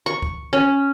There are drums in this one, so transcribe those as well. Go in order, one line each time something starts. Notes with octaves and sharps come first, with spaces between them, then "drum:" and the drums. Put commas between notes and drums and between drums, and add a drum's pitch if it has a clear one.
C#6
drum: kick C#2
C#4